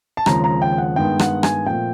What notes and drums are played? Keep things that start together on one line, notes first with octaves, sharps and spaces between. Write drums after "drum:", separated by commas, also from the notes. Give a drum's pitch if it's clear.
A5
D#2 C#3 F3 G#3 C4 A#5, drum: rim click
A#5
G5
F#5
G2 D#3 G#3 B3 G5
F#5, drum: rim click
G#5, drum: rim click
A#2 F3 A3 C4 G5